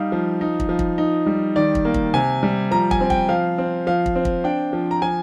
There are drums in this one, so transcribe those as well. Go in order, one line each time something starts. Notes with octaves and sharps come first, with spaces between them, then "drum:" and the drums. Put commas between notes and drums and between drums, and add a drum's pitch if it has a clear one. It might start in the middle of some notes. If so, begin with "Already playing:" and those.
Already playing: G3 D#4 F5
F3
D#4
drum: kick
F3
drum: kick
D#4
G3
D#3 D5
drum: kick
A#3
drum: kick
C3 G#5
G3
F3 A#5
G#5, drum: kick
C4
G5, drum: kick
F3 F5
C4
F3 F5
drum: kick
C4
drum: kick
D4 G5
F3
A#5
F3 G#5